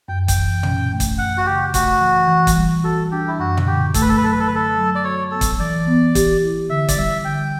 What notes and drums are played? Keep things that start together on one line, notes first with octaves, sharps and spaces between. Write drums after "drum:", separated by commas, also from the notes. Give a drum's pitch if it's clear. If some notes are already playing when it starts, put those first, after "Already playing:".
F#2 G5
G5, drum: kick, hi-hat
E3
C#4, drum: tom
A3
drum: kick, hi-hat
F#2 F#5
F#4
C#3 G4
A3 F#4, drum: kick, hi-hat
E3
E3
drum: kick, hi-hat
G3
F#4 A4
D4 G4
E4
F#2 F#4
drum: tom
D3 G4
A3 A4, drum: kick, hi-hat
B4
A4
B4
F#3 A4
B4
A4
D3 B4
A4
F#3
D5
F#4 C#5
B3 A4
drum: kick, hi-hat
E3 D5
B3
G4, drum: kick, hi-hat
E4
D3 E5
D5, drum: kick, hi-hat
G3 E5
D3 G5